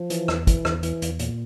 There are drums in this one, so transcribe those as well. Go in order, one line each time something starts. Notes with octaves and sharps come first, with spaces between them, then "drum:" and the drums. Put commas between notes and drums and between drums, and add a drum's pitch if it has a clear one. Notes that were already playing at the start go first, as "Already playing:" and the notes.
Already playing: F3
E3, drum: hi-hat
E2, drum: rim click
E3, drum: kick, hi-hat
E2, drum: rim click
E3, drum: hi-hat
E2, drum: hi-hat
A#2, drum: hi-hat